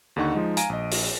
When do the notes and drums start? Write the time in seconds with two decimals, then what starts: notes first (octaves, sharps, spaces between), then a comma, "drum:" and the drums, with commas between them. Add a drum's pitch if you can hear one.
0.16 D#2 D3 D#4 F#5 C#6
0.34 F3 G#3 D#4
0.57 F5 G#5 A#5 D7 D#7, drum: hi-hat
0.70 A#1 D#5
0.91 drum: open hi-hat